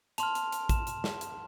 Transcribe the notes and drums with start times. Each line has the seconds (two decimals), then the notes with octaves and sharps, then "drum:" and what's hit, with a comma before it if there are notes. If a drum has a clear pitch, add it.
0.18 A5 C6 F6 F7, drum: hi-hat
0.35 drum: hi-hat
0.52 drum: hi-hat
0.69 E7, drum: kick A1, hi-hat
0.87 drum: hi-hat
1.04 drum: snare
1.21 drum: hi-hat